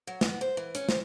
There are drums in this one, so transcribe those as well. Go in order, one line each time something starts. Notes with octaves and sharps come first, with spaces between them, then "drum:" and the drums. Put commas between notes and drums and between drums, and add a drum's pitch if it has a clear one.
F#3
B3, drum: snare
C5
E3
C#4, drum: hi-hat
C5, drum: snare